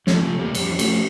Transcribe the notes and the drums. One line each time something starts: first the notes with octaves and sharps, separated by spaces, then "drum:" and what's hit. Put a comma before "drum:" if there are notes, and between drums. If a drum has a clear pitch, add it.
E2 F3 A3, drum: snare
C3 F3 A3
E2 G3 A#3
F2 G3, drum: cymbal
E3
F3 A3, drum: cymbal